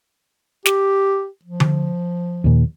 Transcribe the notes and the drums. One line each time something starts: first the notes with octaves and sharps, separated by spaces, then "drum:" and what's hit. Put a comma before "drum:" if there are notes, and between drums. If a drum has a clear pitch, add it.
G4, drum: snare
F3
drum: tom D3
D#2 A#2